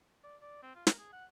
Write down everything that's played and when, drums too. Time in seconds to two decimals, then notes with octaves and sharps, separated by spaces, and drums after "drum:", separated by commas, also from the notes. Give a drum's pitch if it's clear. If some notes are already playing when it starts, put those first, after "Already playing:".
0.23 D5
0.42 D5
0.62 C4
0.75 F4
0.87 A#4, drum: snare
0.98 G#4
1.12 F#5